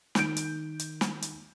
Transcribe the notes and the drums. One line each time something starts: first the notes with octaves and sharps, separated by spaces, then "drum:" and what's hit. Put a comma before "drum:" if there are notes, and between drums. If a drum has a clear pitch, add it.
D#3 G6 D7, drum: snare
drum: hi-hat
drum: hi-hat
drum: snare
drum: hi-hat